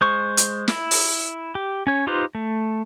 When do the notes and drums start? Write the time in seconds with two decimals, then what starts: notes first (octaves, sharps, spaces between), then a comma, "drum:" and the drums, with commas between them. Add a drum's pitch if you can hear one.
0.01 G#3 C5 C#6
0.37 drum: hi-hat
0.68 E4, drum: snare
0.91 drum: open hi-hat
1.55 G4
1.87 C#4 C#5
2.07 D#4 F4 G4 B4 C5
2.35 A3